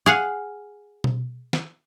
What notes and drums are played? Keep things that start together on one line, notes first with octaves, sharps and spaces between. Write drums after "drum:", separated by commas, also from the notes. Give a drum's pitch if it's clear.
G#4 F5 F#5
drum: tom B2
drum: snare